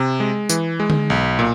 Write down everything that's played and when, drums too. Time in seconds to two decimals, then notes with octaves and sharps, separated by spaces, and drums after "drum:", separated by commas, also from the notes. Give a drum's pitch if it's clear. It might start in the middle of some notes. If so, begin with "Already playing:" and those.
Already playing: C3
0.20 G#3
0.49 E3, drum: tambourine
0.80 G#3
0.90 drum: tom D3
1.10 B1
1.39 A#2